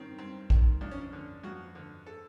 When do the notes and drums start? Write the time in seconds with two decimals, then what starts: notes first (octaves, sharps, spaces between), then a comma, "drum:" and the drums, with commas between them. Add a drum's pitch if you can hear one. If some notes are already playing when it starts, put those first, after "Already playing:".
Already playing: G2 D#3 C4 C#4
0.18 G2 C4
0.50 D#3, drum: kick A#1
0.81 F2 D4
0.91 C#4
1.01 D4
1.13 D3
1.43 F2 F#4
1.75 D3
2.06 A4